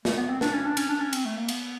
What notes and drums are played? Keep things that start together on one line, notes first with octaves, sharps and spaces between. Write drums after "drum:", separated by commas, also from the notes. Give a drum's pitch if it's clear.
A3, drum: snare
B3
C4
D4, drum: snare
C#4
D4
C#4, drum: cymbal
D4
C#4
C4, drum: cymbal
A3
A#3
B3, drum: cymbal